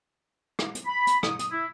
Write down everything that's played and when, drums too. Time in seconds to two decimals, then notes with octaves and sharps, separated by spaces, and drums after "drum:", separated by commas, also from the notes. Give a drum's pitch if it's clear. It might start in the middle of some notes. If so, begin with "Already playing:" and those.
0.59 drum: rim click
0.75 drum: hi-hat
0.86 B5
1.07 drum: hi-hat
1.23 D#6, drum: rim click
1.39 drum: hi-hat
1.50 E4